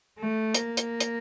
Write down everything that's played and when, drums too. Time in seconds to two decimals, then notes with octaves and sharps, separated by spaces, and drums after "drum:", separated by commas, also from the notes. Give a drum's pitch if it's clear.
0.19 A3
0.54 A#3, drum: hi-hat
0.77 drum: hi-hat
1.00 drum: hi-hat